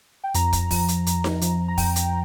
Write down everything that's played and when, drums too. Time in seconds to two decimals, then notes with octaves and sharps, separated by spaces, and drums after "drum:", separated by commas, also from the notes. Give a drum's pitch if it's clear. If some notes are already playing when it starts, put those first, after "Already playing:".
0.24 G5
0.34 F2 A#5, drum: hi-hat
0.53 drum: kick, hi-hat
0.71 F3, drum: kick, open hi-hat
0.88 drum: hi-hat
1.07 F2, drum: hi-hat
1.24 drum: snare D#4
1.41 F3, drum: hi-hat
1.68 A#5
1.78 F2 G5, drum: kick, open hi-hat
1.96 drum: hi-hat